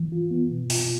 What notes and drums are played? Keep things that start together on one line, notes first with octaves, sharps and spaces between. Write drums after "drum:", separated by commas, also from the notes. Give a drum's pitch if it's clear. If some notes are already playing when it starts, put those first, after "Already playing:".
Already playing: E3
F4
B3
B2
F4, drum: open hi-hat